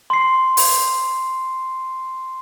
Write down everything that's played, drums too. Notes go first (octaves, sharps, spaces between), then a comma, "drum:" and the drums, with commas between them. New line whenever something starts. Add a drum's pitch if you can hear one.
C6 C7
drum: open hi-hat